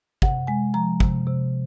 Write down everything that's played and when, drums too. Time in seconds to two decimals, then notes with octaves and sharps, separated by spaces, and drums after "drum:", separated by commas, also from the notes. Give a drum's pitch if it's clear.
0.22 C3 F#5, drum: kick
0.47 G#3 G#5
0.74 F3 A#5
1.00 C3, drum: kick
1.27 C3